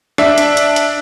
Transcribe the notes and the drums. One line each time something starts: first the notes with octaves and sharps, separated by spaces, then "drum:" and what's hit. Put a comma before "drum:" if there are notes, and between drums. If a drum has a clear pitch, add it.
D4 E5, drum: rim click
drum: hi-hat
drum: hi-hat
drum: hi-hat